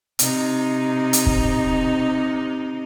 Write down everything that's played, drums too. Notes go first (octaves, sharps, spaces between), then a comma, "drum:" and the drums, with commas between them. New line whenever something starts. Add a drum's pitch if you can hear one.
C3 D#4, drum: hi-hat
drum: hi-hat
drum: kick